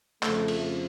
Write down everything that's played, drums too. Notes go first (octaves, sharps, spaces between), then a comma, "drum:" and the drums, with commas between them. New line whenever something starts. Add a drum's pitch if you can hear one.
F2 C#3 F3 A3, drum: clap
drum: cymbal